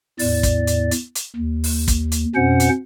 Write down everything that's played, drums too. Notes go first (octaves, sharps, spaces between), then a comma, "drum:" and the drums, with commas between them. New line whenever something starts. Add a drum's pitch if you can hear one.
E2 A2 D5, drum: open hi-hat
drum: kick, hi-hat
drum: hi-hat
drum: hi-hat
drum: hi-hat
D#2
drum: open hi-hat
drum: kick, hi-hat
drum: hi-hat
F2 B2 C#4 C5 F#5
drum: hi-hat